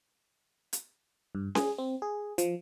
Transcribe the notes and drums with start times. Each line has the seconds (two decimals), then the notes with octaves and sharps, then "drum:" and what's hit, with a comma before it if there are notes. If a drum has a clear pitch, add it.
0.73 drum: hi-hat
1.35 G2
1.55 G#4, drum: snare C#4
1.78 C4
2.02 G#4
2.38 F3, drum: hi-hat